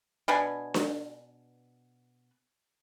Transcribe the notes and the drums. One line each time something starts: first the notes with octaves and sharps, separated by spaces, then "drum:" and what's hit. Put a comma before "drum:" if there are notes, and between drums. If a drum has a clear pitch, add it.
B2 D4 B4 G#5
drum: snare D4